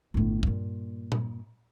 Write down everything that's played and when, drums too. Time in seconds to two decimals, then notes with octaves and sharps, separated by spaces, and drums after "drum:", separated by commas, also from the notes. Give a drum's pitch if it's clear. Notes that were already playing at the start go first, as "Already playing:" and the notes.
0.14 G1 A2
0.43 G2 A#2, drum: kick
1.12 drum: tom A#2